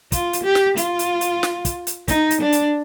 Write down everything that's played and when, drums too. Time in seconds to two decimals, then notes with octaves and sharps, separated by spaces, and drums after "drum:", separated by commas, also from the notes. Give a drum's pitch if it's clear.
0.12 F4, drum: kick, hi-hat
0.33 drum: hi-hat
0.44 G4
0.55 drum: snare
0.77 F4, drum: hi-hat
0.99 drum: hi-hat
1.21 drum: hi-hat
1.43 drum: snare
1.65 drum: kick, hi-hat
1.87 drum: hi-hat
2.08 D#4, drum: kick, hi-hat
2.31 drum: hi-hat
2.41 D4
2.52 drum: hi-hat